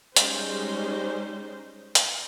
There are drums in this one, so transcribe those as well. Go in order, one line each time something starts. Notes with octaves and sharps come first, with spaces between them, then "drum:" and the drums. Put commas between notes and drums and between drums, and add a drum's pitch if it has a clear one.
G3 G#3 C#4 D#4 C5, drum: hi-hat
drum: hi-hat